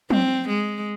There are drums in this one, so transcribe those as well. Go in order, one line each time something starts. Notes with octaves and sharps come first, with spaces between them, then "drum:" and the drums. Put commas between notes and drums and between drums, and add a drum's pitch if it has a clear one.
C4, drum: tom
G#3